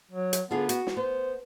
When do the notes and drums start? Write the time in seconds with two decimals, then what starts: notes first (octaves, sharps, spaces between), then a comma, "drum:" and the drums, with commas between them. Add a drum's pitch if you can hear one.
0.11 F#3
0.33 drum: hi-hat
0.51 D3 B3 F4 G#4
0.69 F#4, drum: hi-hat
0.87 drum: snare
0.97 B3 C5